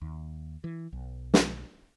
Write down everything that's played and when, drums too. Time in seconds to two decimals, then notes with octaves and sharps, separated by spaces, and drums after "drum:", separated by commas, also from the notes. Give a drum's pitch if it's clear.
0.02 D#2
0.64 E3
0.93 B1
1.34 drum: snare